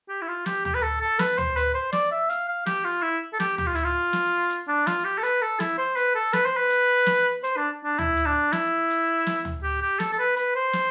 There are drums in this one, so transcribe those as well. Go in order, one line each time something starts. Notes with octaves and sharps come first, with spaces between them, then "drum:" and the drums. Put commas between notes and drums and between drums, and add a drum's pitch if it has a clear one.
G4
E4
F4
G4, drum: snare
G4, drum: tom D2
B4
A4
A4
B4, drum: snare
C5, drum: tom D2
B4, drum: hi-hat
C5
D5, drum: snare
E5
F5, drum: hi-hat
F5
G4, drum: snare
F4
E4
A4
G4, drum: snare
G4, drum: tom D2
F4
E4, drum: hi-hat
F4
drum: snare
drum: hi-hat
D4
F4, drum: snare
G4
A4
B4, drum: hi-hat
A4
E4, drum: snare
C5
B4, drum: hi-hat
A4
B4, drum: snare
C5
B4
drum: hi-hat
drum: snare
C5, drum: hi-hat
D4
D4
E4, drum: tom D2
drum: hi-hat
D4
E4, drum: snare
drum: hi-hat
drum: snare
drum: tom D2
G4
G4
A4, drum: snare
A4
B4
B4, drum: hi-hat
C5
drum: snare